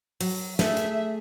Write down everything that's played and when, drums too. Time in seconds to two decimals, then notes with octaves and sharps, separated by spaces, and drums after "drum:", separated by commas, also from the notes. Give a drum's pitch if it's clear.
0.21 F#3, drum: open hi-hat
0.59 A3 G#4 E5, drum: snare
0.77 drum: hi-hat